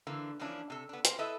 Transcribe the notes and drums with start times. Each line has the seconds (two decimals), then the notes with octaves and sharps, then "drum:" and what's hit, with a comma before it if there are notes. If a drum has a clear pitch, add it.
0.07 D3 E3 A#3
0.40 E3 F3 A#3 C#4 D4 E4
0.70 C3 A4
0.89 B3 D4
1.05 A#3 C5, drum: hi-hat
1.19 E4 A4 B4 D#5 E5